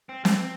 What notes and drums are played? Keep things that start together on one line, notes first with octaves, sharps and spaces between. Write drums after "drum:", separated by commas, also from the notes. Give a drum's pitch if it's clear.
C4
C4, drum: snare